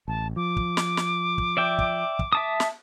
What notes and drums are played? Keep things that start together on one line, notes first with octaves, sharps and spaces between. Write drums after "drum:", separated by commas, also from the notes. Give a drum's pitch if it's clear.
A1 A5
F3 D6
drum: kick
drum: snare
drum: snare
drum: kick
D5 E5 G5
drum: kick
drum: kick
E5 A5 D#6
drum: snare